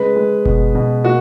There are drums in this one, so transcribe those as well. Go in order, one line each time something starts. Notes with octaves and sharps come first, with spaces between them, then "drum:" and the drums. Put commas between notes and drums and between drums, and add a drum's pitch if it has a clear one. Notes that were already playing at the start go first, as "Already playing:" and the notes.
Already playing: C#3 G#3 B4
G#3
B2, drum: kick F#1
B2
A#3 F#4